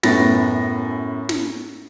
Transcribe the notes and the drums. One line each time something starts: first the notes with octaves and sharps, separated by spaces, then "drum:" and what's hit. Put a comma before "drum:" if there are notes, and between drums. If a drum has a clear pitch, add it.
F#2 A2 B3 B5 A6 A#6, drum: snare
drum: snare